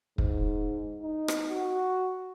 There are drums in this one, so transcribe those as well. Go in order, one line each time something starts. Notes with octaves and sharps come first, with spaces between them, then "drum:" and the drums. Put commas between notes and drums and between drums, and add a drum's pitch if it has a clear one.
G#2, drum: kick
D#4
drum: rim click
F#4